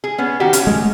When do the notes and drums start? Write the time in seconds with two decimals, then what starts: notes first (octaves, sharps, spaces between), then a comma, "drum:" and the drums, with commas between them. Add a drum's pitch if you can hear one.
0.04 G#4
0.18 B3 C#4
0.40 D#3 F#4 G4
0.53 C#4, drum: hi-hat
0.67 G#3 A3